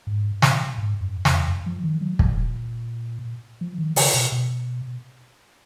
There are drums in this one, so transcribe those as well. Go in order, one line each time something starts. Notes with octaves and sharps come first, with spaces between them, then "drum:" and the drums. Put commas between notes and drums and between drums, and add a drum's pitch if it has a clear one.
G#2
A#2, drum: snare
G#2
F#2
F2, drum: snare
F#2
F3
D#3
F#3
A#2, drum: kick
F3
D#3
C#3, drum: open hi-hat
B2
B2